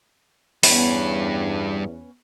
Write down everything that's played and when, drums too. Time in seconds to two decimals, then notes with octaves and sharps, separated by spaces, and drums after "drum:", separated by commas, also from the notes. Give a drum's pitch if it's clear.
0.63 E2 G2 B3 C#4 B5, drum: open hi-hat